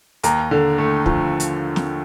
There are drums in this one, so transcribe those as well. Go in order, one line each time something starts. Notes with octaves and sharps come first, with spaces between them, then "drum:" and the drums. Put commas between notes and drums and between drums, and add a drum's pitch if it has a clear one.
D#2 A#5, drum: hi-hat
D3
A3
F3, drum: kick
drum: hi-hat
drum: snare